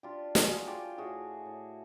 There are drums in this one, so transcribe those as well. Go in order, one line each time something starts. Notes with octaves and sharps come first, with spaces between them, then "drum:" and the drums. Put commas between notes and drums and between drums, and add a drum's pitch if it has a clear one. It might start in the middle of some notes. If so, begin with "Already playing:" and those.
D4 F4 G4
F#4 G#4, drum: snare
F3
F4 G4
A2 F#4 G#4
A2